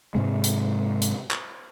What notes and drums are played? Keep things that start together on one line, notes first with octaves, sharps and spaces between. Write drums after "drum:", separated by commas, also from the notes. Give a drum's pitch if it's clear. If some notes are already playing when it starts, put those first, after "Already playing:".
G#2 C3 G#3
drum: hi-hat
drum: hi-hat
drum: clap